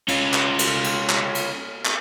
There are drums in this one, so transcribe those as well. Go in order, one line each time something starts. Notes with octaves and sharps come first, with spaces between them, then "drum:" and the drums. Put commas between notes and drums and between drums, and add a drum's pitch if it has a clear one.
C#4 F4, drum: cymbal
drum: clap
drum: cymbal
drum: cymbal
drum: clap
drum: cymbal
drum: clap